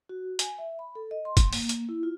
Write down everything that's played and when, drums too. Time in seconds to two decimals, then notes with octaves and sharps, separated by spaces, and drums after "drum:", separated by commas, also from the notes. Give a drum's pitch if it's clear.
0.09 F#4
0.39 G#5, drum: hi-hat
0.59 E5
0.79 B5
0.95 A4
1.11 D#5
1.25 C6
1.37 drum: kick, hi-hat
1.53 A#3, drum: open hi-hat
1.69 drum: hi-hat
1.89 E4
2.03 F4